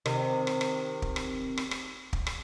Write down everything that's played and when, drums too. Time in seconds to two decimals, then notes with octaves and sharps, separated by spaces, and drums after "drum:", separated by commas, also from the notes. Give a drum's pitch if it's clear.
0.06 C3 D#3, drum: rim click
0.47 drum: rim click
0.61 drum: rim click
1.02 drum: kick
1.16 drum: rim click
1.57 drum: rim click
1.71 drum: rim click
2.13 drum: kick
2.27 drum: rim click